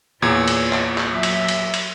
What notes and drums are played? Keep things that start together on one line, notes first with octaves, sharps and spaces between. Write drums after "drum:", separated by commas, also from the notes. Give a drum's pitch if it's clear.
E2 A#2 F4 C#5 G#6
drum: cymbal
drum: clap
drum: clap
F#3 E5
drum: cymbal
drum: cymbal
drum: cymbal